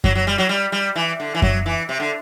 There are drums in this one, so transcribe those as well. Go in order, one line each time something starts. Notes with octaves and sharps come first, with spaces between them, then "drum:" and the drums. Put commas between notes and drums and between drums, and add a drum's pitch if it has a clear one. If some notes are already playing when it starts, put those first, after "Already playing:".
F#3, drum: kick F#2
F#3
G3
F#3
G3
G3
E3
D3
E3
F#3, drum: kick F#2
E3
C3
D3